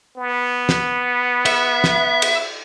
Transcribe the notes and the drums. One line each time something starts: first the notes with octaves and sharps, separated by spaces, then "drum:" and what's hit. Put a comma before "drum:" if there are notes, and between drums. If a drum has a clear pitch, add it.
B3
drum: snare
E5, drum: cymbal
drum: snare
drum: cymbal